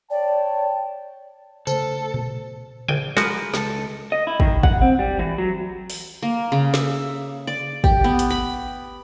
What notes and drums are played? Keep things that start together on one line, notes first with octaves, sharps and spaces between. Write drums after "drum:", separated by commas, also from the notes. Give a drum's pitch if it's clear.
C#5 D5 G5 A5
C#3 A3 A4 C5, drum: tambourine
drum: tom A#2
A#1 G5 G#5, drum: tom C#3
F3 G#3 F#4 A#4 B4, drum: snare
C#2 A4, drum: snare
D#5
E4
D#3, drum: kick
F#5, drum: kick
C4
G3
E3
F#3
drum: open hi-hat
A#3
C#3
E5, drum: snare
D5
G4, drum: kick
B3
drum: hi-hat
B5